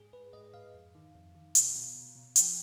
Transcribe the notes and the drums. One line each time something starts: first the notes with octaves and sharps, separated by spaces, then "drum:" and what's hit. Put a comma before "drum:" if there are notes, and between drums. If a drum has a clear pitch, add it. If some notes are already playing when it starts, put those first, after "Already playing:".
Already playing: G#2 G#4
G#2 B4
G#2 D#5
G#2 F5
F2
D#3
F2
D#3
B2, drum: hi-hat
B2
B2
B2
F3 G5, drum: hi-hat